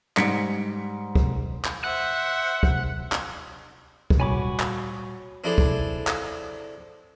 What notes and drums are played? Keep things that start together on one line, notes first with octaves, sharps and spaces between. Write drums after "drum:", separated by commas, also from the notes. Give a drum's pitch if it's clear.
G#2 G3 B6 C#7 D7, drum: clap
drum: kick
drum: clap
C5 E5 F#5
drum: kick
drum: clap
drum: kick
A#2 G3 F#4 C#5 G#5 B5 D6
drum: clap
C4 D4 E4 G#4 A4 D5
drum: kick
drum: clap